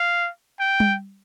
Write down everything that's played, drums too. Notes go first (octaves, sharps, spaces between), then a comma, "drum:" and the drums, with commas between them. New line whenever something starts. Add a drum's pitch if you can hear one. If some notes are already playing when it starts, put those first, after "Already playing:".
Already playing: F5
G5
drum: tom G3